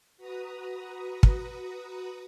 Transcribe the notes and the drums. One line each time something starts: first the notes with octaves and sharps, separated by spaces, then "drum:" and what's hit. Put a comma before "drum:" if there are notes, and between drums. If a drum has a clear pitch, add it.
F#4 B4 A#5 D#6
drum: kick